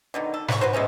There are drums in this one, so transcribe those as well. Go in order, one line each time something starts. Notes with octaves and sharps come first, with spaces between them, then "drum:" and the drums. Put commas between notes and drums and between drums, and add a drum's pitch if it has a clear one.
B2 D3 D#3
A4
B4 C#6, drum: snare
F#4 B4 C5
G#3 A3 B3 C#4